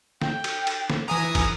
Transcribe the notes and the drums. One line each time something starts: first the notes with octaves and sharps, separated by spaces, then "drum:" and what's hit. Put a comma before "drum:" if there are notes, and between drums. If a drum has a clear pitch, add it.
G5, drum: snare
drum: cymbal
drum: cymbal
drum: snare
E3 G#5 A#5 D#6
drum: kick, cymbal